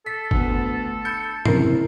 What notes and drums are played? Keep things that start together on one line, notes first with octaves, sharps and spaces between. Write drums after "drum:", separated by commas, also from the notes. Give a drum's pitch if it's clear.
A4 B6
D2 B3, drum: kick G1
B5 G6 C#7
F#1 C3 E4 A#4 C7, drum: tom G#2